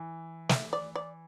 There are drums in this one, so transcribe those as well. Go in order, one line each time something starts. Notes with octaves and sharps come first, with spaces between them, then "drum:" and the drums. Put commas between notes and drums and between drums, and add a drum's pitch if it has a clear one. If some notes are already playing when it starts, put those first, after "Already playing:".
Already playing: E3
E5, drum: snare
D5
D5